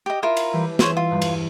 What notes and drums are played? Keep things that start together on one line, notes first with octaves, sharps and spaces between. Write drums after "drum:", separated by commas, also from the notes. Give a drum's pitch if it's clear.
G4 D#5
E4 F4 A#4
drum: cymbal
E3 G3 G4
G#4 C5 C#5 E5, drum: snare
F4
E2 G2 G3
drum: cymbal